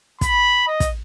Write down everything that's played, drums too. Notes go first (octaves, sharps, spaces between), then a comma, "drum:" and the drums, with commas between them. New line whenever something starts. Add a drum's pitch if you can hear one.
B5, drum: kick, hi-hat
D#5
drum: kick, hi-hat